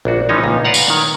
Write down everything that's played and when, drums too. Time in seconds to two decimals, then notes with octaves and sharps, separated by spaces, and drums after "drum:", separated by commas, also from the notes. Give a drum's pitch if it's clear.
0.05 A#1 D4 F#4
0.29 E3 F3 C#4 D#4 C#5
0.43 C#2 A#2 D#4
0.65 B4 D5 F5 F#5 A#5
0.74 drum: tambourine
0.90 D#3 C#5